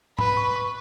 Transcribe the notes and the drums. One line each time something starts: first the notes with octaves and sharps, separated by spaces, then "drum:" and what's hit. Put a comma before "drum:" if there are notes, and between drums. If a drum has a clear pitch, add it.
B4 B5, drum: tom G#2
C#6
C#6